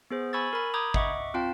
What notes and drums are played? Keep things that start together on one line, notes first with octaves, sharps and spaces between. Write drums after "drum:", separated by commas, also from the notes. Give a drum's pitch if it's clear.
B3 G#4 C5
G#5 B5 C#6 E6 G#6 A6
A#4 B5
A#5 B5 D6 D#6 G6 G#6
D#5 E5 F#5 C#6 D6, drum: kick G#1
C4 F4 F5 G5 A5